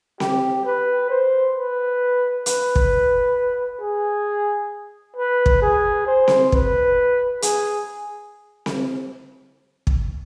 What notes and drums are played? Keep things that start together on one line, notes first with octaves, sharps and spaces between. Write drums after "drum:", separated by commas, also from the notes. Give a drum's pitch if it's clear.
G4, drum: snare C4
B4
C5
B4
B4, drum: hi-hat
drum: kick
G#4
B4
drum: kick
G#4
C5
drum: snare C4
B4, drum: kick
G#4, drum: hi-hat
drum: snare C4
drum: kick